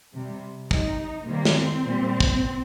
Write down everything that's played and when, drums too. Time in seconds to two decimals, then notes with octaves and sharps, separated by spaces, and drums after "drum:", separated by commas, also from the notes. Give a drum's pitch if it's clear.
0.15 C3 G3
0.71 C3 G3 D#4, drum: kick
1.26 C3 D#3 G3 A#3
1.45 drum: snare
1.54 C4
1.84 A#2 G3
2.20 drum: kick